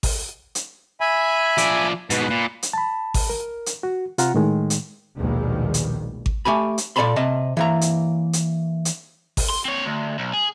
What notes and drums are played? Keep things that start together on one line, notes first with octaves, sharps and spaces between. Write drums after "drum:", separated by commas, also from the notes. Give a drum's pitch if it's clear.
drum: kick G#1, open hi-hat
drum: hi-hat
E5 G#5 B5
F3 D5, drum: hi-hat
G#2 B2 B4, drum: hi-hat
A#2
drum: hi-hat
A5 B5
drum: kick G#1, open hi-hat
A#4
drum: hi-hat
F#4
C3 F4 F#5 A#5, drum: hi-hat
A2 D#3 G#3
drum: hi-hat
A#1 D#2 B2 D#3 G3 G#3
drum: hi-hat
drum: kick G#1
A3 G4 G#5 B5
drum: hi-hat
A#2 A4 D5 A5 B5 C6
C3 D#5 A5
E3 A#3 A#5
drum: hi-hat
drum: hi-hat
drum: hi-hat
drum: kick G#1, open hi-hat
C6
C4 C#5
D2
B1
G#4